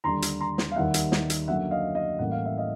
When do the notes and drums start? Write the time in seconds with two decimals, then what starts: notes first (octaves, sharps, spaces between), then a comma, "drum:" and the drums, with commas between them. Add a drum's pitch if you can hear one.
0.04 D#2 D3 G3 A#5 C6
0.22 drum: hi-hat
0.40 A#5 C6
0.58 drum: snare
0.71 F5
0.75 D#2 D#3 G3 E5 F#5
0.94 drum: hi-hat
1.12 drum: snare
1.30 drum: hi-hat
1.48 F#2 D3 F#3 A#3 D4 E5 F#5
1.71 D#5 F5
1.95 D#5 F5
2.19 A1 A2 E3 G3 A#3 F#5
2.31 F5
2.45 E5
2.58 D#5 F5